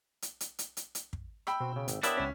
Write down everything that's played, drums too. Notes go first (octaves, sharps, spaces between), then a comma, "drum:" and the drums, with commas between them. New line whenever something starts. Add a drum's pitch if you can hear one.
drum: hi-hat
drum: hi-hat
drum: hi-hat
drum: hi-hat
drum: hi-hat
drum: kick
G5 B5 E6, drum: rim click
B2 C4 F#4
C#3
G#1, drum: hi-hat
B3 D4 E4 G4 A#4 C#5 D#6, drum: hi-hat
C#2 C#4 B6